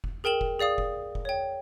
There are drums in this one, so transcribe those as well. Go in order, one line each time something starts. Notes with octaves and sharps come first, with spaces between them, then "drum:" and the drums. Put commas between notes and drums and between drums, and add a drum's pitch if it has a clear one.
drum: kick F1
G#4 A#4 G5 E7 F#7
drum: kick F1
G#4 D5 F5 D#6
drum: kick F1
drum: kick F1
C#5 G5